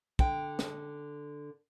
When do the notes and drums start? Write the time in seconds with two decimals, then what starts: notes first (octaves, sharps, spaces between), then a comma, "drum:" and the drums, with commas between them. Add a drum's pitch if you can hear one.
0.19 D3 G5, drum: kick
0.59 drum: snare